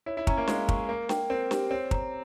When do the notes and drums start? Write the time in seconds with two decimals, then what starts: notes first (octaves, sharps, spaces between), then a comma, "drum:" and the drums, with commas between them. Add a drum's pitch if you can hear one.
0.06 E4 C#5
0.17 E4
0.27 C#4 A#5, drum: kick
0.38 A#3
0.47 G#3 F5, drum: snare
0.69 C#6, drum: kick
0.88 A#3 A#4
1.09 G5, drum: snare
1.30 C4 A#4
1.51 G4, drum: snare
1.71 C4 C#5
1.91 A#5, drum: kick